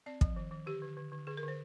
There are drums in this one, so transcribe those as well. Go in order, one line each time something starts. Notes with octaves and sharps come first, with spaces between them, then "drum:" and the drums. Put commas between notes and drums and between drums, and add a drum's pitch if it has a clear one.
C4 D5
F3, drum: kick
D#3
D#3
D3 G4
D3
D3
D3
D3 G#4
A#4
D3 C5